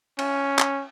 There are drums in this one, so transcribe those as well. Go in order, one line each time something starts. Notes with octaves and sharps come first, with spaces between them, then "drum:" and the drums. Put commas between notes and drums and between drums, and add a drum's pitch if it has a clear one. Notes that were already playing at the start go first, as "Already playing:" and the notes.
C#4, drum: cymbal
drum: clap